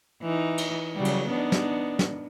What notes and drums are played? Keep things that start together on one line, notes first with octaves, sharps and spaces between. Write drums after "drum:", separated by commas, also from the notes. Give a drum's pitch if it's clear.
E3 D#4
drum: cymbal
C#3 F#3 G3
drum: cymbal
B3 D4 D#4
drum: snare
drum: snare